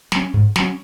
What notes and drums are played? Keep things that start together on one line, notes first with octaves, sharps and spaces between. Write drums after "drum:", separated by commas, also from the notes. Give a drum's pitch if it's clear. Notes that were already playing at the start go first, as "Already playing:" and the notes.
F#3 C#4, drum: snare
G#2
F#3 C#4, drum: snare